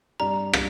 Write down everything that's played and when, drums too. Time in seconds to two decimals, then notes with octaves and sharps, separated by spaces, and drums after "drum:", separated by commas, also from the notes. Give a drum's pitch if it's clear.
0.20 G2 G3 D4 A#5
0.53 G3, drum: rim click